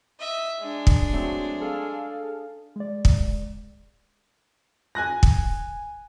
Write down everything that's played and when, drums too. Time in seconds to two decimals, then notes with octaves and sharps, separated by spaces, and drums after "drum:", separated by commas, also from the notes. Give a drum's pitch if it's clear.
0.19 D#5 E5
0.59 G#3 D4
0.87 drum: kick
1.11 F#3 A3 C4
1.59 G#4 A4 F5
2.76 G#3 D5
3.05 drum: kick
4.95 G#5 F#6 A#6
5.23 drum: kick